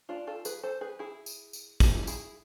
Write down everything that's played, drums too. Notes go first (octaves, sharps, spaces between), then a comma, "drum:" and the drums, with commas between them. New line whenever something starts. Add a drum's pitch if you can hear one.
D4 F4
F4 A4
G#4 B4, drum: tambourine
A4 C5
G#4 B4
E4 G#4
drum: tambourine
drum: tambourine
drum: kick, tambourine
E4 G#4, drum: tambourine